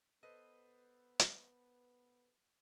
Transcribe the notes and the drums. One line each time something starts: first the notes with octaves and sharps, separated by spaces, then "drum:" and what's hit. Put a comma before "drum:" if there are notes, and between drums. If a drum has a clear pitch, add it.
B3 A4 B4 C5 D#5
drum: hi-hat